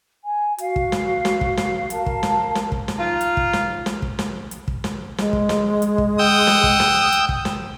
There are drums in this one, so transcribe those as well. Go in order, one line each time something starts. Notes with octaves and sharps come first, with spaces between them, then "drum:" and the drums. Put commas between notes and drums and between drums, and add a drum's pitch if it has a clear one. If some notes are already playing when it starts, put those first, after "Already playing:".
G#5
F#4 F5, drum: hi-hat
drum: kick
drum: snare
drum: snare
drum: kick
drum: snare
A#4 F5 A5, drum: hi-hat
drum: kick
drum: snare
drum: snare
drum: kick
drum: snare
D#4 F4
drum: hi-hat
drum: kick
drum: snare
drum: snare
drum: kick
drum: snare
drum: hi-hat
drum: kick
drum: snare
G#3, drum: snare
drum: kick
drum: snare
drum: hi-hat
drum: kick
F#5 G5 D#6 E6
drum: snare
drum: kick
drum: snare
drum: hi-hat
drum: kick
drum: snare